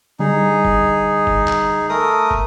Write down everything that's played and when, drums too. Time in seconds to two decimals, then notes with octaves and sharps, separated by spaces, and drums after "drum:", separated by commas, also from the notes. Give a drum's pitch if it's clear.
0.19 D3 G3 D#4 G#4
0.65 drum: kick
1.27 drum: kick
1.48 drum: clap
1.89 A3 A#4 D#6
2.31 drum: kick